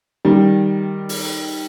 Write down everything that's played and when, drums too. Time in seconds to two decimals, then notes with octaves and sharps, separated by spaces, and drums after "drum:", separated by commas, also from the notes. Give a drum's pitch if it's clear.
0.25 D#3 G3
1.09 drum: open hi-hat